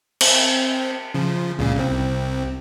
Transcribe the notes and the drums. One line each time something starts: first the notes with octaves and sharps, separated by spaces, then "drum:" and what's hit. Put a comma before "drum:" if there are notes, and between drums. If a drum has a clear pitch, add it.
C4, drum: cymbal
C#3 F3
C#2 A#2 C#3
C2 C4